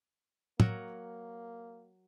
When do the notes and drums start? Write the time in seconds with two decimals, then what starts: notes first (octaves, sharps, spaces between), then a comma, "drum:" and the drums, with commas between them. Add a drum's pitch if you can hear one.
0.60 F#3 A#3 A#4 C#5, drum: tom